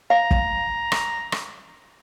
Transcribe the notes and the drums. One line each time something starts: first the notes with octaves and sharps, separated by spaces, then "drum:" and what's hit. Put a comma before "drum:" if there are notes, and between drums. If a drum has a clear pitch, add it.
F5 A#5
drum: kick
drum: rim click
drum: rim click